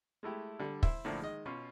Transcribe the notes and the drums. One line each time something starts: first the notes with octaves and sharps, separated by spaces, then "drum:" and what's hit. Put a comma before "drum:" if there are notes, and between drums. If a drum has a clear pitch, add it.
G#3 A3 E4 G4
D3 G3
E4 C5 E5, drum: kick
A2 D3 F3 A#3 D4 E4
D#3 G#3 D#5
B2 C#4 F4